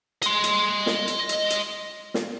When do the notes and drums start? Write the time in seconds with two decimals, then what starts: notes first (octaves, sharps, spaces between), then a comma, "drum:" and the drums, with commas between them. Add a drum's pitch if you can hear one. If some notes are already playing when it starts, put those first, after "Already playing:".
0.22 D#5 C6, drum: hi-hat
0.44 drum: hi-hat
0.86 drum: snare
1.08 drum: hi-hat
1.29 drum: hi-hat
1.50 drum: hi-hat
2.14 drum: snare